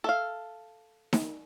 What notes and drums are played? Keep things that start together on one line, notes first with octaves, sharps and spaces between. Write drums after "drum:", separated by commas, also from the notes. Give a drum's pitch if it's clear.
A4 E5 F5
drum: snare D#4